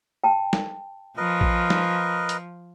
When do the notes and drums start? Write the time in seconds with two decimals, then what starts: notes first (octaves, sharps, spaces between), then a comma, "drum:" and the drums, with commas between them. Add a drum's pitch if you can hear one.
0.24 G5 A5
0.53 drum: snare
1.17 F3 A#4 B4 D#5
1.41 drum: kick A#1
1.70 drum: snare
2.29 drum: hi-hat